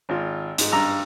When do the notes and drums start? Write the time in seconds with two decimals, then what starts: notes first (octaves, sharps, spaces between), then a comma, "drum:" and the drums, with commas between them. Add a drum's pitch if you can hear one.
0.09 G#1 F4
0.58 G#2, drum: hi-hat
0.72 G2 A#5 E6